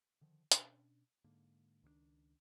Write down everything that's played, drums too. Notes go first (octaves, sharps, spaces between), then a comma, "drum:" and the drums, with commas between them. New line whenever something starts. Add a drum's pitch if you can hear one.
D3 D#3 F3
B2 C#4 D4, drum: hi-hat
G#2 D3 A#3
C#2 D#3 G3 D4